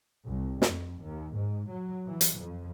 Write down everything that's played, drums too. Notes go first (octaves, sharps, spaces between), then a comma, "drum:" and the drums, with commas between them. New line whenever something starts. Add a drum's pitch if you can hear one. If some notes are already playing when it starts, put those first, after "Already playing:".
C2
F2, drum: snare
D#2
G#2
F#3
E3
drum: hi-hat
F2